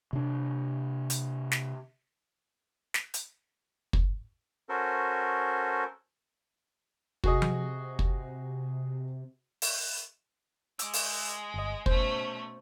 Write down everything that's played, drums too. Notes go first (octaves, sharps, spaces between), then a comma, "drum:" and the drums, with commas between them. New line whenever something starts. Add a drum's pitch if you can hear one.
C3 D4
drum: hi-hat
drum: snare
drum: snare
drum: hi-hat
drum: kick
C#4 F#4 A4 A#4 C5
C3 F#4 G#4 D#5, drum: kick
drum: tom F3
drum: kick
drum: open hi-hat
G#3 D6 E6, drum: hi-hat
drum: open hi-hat
G1 D#5
B2 A3 C#4 C5, drum: kick